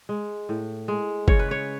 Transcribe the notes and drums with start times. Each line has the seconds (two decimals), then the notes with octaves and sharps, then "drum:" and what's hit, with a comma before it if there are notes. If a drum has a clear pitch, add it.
0.09 G#3
0.49 A2
0.88 G#3
1.28 C#3 C#5, drum: kick
1.39 B4
1.51 C#5